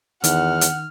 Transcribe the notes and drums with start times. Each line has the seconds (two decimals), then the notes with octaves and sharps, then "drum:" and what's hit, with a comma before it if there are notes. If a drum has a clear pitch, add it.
0.24 E2 D#3 F#5 F6, drum: hi-hat
0.61 drum: hi-hat